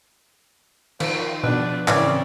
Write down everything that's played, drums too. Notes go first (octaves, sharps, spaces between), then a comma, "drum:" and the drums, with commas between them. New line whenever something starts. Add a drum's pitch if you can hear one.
D#3 F3, drum: cymbal
B2 F3 B3 D4 B4
A2 C#3 E3 C4 C#4 A#4 D5 G#6, drum: clap